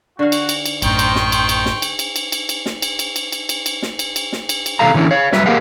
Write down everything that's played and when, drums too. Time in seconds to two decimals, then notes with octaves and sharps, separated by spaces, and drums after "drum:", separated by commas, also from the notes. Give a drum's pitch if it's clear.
0.19 D3 F#4 F5
0.32 drum: cymbal
0.49 drum: cymbal
0.66 drum: cymbal
0.82 A1 F#2 D#3 C5 G5 C#6, drum: cymbal
0.99 drum: cymbal
1.16 drum: snare
1.32 drum: cymbal
1.49 drum: cymbal
1.66 drum: snare
1.82 drum: cymbal
1.99 drum: cymbal
2.16 drum: cymbal
2.32 drum: cymbal
2.49 drum: cymbal
2.66 drum: snare
2.82 drum: cymbal
2.99 drum: cymbal
3.16 drum: cymbal
3.32 drum: cymbal
3.49 drum: cymbal
3.66 drum: cymbal
3.82 drum: snare
3.99 drum: cymbal
4.16 drum: cymbal
4.33 drum: snare
4.49 drum: cymbal
4.66 drum: cymbal
4.79 C3 E3 A4 F5 A#5
4.94 D3 E3 C#4 D#4 E4
5.11 C#5 F5
5.33 F#3 G3 B4 E5, drum: snare
5.46 A#3 G4 G#4 A#4 F5 F#5